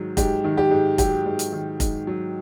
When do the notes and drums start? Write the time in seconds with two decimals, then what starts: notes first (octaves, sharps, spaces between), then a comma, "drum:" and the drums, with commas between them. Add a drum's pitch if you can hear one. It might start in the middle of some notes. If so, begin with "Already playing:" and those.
Already playing: G#2 D#3 F#3
0.17 G#2 G4, drum: kick F1, hi-hat
0.44 D#3
0.57 G4
0.71 G#2
0.98 F#3 G4, drum: kick F1, hi-hat
1.26 G#2
1.39 drum: hi-hat
1.52 D#3
1.80 G#2, drum: kick F1, hi-hat
2.07 F#3